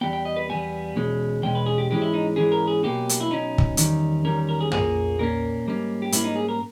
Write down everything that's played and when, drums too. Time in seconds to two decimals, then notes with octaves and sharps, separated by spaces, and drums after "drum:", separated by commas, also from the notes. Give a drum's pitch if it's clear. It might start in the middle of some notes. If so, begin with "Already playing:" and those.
0.01 E2 B2 G3 B3 G5
0.13 G5
0.25 D#5
0.36 B4
0.49 E2 B2 G3 B3 G#5
0.96 E2 B2 G#3 C#4
1.42 E2 B2 G#3 C#4 G5
1.55 B4
1.66 G#4
1.78 G4
1.90 G#2 E3 G#3 C#4 G4
2.02 E4
2.14 D#4
2.36 G#2 E3 G#3 C#4 G#4
2.52 A#4
2.67 G#4
2.83 B1 B2 A#3 C#4 G4
3.09 drum: hi-hat
3.21 E4
3.30 B1 B2 A#3 C#4 D#4
3.58 drum: kick
3.77 E2 D#3 G3 C#4, drum: hi-hat
4.25 E2 D#3 G3 C#4 A#4
4.49 A#4
4.61 G#4
4.72 A#2 A#3 C#4 G#4, drum: tom
5.19 A#2 A#3 C#4 A#4
5.66 G#2 G3 A#3 C#4
6.02 G4
6.12 G#2 G3 A#3 C#4 E4, drum: hi-hat
6.24 D#4
6.36 G#4
6.49 A#4